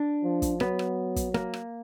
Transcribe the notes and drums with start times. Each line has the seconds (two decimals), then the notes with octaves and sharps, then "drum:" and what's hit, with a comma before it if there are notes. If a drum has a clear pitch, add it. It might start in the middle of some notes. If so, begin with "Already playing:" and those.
Already playing: D4
0.23 F3
0.42 drum: kick, hi-hat
0.60 F#3 B3, drum: rim click
0.79 drum: rim click
1.16 drum: kick, hi-hat
1.34 A#3, drum: rim click
1.54 drum: rim click